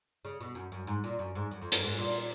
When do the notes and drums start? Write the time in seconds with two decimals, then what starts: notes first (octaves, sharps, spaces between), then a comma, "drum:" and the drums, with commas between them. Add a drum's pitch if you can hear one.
0.25 C#3
0.40 B2
0.55 F#2
0.72 F#2
0.87 G#2
1.04 A#2
1.19 F#2
1.35 G#2
1.51 F#2
1.62 F2
1.72 F#2, drum: hi-hat
1.83 G#2
1.99 A#2